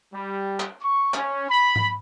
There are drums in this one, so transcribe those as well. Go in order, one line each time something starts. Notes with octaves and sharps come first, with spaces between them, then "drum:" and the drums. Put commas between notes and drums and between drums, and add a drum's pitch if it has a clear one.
G3
drum: clap
C#6
C#4, drum: clap
B5
drum: tom G#2